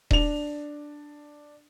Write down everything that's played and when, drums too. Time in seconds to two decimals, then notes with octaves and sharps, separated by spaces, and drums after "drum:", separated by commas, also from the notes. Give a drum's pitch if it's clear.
0.11 D4 F7, drum: kick D#1